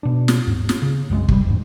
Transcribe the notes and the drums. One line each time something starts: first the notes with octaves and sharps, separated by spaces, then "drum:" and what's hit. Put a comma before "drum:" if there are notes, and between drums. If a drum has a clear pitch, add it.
B2 D4
drum: snare
D#1 G#2
drum: snare
C#3
C2 F#2 G3 G#3
C3 G3, drum: kick
E2 G#2